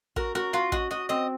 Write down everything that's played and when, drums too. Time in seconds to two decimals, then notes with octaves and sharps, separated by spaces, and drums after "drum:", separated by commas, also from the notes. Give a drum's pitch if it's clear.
0.16 F#4 A#4, drum: kick
0.35 F#4 A#4
0.53 F4 F#4
0.72 F#4 D#5, drum: kick
0.91 F#4 D#5
1.09 C4 D#5